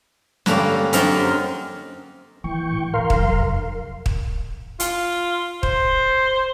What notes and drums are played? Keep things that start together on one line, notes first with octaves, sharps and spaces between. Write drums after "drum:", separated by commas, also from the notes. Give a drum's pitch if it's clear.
G2 D3 A#3 C#4 G4, drum: snare
F#2 A#3 C4 D#4 F4 A#4, drum: hi-hat
E3 A#3 G5 C#6
A2
D#3 E3 A#4 F5 C6
F1 F#2, drum: kick
drum: kick
F4, drum: hi-hat
C5, drum: kick